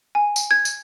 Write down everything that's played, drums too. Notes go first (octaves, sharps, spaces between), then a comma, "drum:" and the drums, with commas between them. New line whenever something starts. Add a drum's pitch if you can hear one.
G#5
drum: tambourine
G#6
drum: tambourine